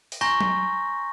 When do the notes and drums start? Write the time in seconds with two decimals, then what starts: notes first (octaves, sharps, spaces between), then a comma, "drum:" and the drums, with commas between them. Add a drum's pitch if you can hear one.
0.12 drum: open hi-hat
0.21 G#5 A#5 C6 C#6 G6 A#6
0.41 drum: tom F#3